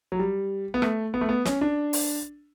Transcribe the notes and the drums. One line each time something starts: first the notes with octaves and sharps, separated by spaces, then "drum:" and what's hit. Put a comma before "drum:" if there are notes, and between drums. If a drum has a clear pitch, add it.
F#3
G3
B3
A3, drum: rim click
B3
A3
B3
C#4, drum: snare
D4
drum: open hi-hat